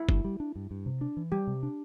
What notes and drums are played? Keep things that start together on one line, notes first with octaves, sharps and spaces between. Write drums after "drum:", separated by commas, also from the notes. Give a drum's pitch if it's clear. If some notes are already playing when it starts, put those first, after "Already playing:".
Already playing: E4
G2, drum: kick
G3
D4
G2
G2
C3
D4
E3
G3 G4
C3
D4